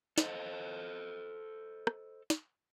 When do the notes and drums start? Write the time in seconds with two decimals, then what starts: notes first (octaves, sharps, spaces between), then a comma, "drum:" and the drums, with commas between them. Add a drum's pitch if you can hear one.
0.18 A4 C5 D#5, drum: snare
1.87 drum: rim click
2.30 drum: snare